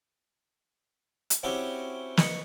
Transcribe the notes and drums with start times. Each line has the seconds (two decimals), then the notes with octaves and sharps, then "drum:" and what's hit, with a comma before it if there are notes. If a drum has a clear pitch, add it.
1.30 drum: hi-hat
1.43 C4 C#4 E4 F#4 G4
2.17 B4 D#5 B5 C#6, drum: snare